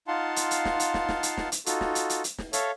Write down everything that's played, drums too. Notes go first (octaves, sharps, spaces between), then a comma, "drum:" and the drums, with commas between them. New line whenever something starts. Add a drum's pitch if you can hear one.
D#4 F4 F5 F#5 A5 C6
drum: hi-hat
drum: hi-hat
drum: snare
drum: hi-hat
drum: snare
drum: snare
drum: hi-hat
drum: snare
drum: hi-hat
D#4 F4 F#4 A4, drum: hi-hat
drum: snare
drum: hi-hat
drum: hi-hat
drum: hi-hat
drum: snare
A4 C#5 E5 F5, drum: hi-hat